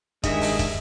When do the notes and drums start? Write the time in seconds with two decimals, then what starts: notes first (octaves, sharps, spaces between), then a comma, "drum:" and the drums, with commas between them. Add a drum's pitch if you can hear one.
0.23 G2 D#3 G#3 D#5 E5, drum: kick, hi-hat
0.41 drum: open hi-hat
0.59 drum: kick, hi-hat